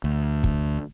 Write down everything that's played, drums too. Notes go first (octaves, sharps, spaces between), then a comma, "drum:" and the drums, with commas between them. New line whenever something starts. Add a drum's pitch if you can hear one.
D2
drum: kick